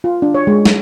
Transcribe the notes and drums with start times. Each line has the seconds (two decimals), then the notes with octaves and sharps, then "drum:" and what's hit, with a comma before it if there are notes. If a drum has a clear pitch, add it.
0.04 F4
0.22 D4
0.34 C#5
0.47 G#3
0.65 drum: snare